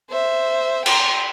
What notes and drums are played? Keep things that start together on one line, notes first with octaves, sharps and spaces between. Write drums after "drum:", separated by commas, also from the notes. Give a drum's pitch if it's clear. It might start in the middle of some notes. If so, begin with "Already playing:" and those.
C5 E5
G5 C6, drum: cymbal